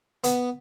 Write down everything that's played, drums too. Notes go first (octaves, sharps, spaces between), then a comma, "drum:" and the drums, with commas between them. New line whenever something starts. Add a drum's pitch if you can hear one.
B3, drum: hi-hat